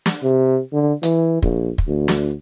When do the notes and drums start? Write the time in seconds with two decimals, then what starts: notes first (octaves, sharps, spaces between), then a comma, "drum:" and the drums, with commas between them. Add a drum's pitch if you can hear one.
0.06 drum: snare
0.23 C3
0.73 D3
1.03 E3, drum: hi-hat
1.42 A#1, drum: kick
1.78 drum: kick
1.88 D2
2.08 drum: snare